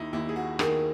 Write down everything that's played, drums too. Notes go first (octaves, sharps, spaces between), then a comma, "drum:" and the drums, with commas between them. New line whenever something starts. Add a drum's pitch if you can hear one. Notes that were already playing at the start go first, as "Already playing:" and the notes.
Already playing: D#2 D#4 E4
D#2 E4
G#4
F#4
D#3 G#4, drum: rim click